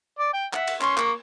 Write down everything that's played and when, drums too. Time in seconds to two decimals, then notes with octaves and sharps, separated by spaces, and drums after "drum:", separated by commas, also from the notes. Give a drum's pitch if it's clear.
0.19 D5
0.34 G5
0.53 E5 F#5, drum: clap
0.67 drum: cymbal
0.81 C#4 C6 C#6, drum: clap
0.98 A#3 C#6, drum: clap